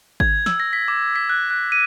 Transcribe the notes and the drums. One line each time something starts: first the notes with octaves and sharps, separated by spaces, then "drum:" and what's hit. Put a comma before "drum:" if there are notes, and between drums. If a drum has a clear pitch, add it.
G#6, drum: kick G#1
E6, drum: snare
A#6
B6
D6
B6
F#6
F#6
D#7